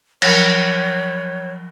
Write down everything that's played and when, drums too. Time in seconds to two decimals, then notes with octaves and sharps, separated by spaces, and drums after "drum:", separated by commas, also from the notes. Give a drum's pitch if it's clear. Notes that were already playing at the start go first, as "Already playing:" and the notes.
0.22 F3 F#3 A#4 C#5, drum: cymbal